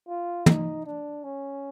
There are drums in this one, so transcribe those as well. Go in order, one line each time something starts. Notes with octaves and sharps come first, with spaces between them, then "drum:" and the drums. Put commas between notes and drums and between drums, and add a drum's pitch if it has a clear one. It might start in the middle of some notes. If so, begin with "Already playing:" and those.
F4
D#4, drum: tom
D4
C#4